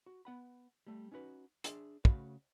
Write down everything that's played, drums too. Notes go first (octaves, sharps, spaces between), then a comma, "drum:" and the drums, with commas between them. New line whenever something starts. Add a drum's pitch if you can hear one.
F#4
B3 F#5 B5
G3 A3
C#4 D#4 F#4 B4
D4 G#4 E5 C6, drum: hi-hat
C#3 A3 F#4 F5 B5, drum: kick